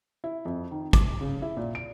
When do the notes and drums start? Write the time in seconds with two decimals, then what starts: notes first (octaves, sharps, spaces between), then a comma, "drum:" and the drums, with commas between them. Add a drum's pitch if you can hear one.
0.24 E4
0.45 F2
0.71 D#3
0.93 D6, drum: kick, hi-hat
1.21 C#3
1.42 E4
1.57 A#2
1.75 D7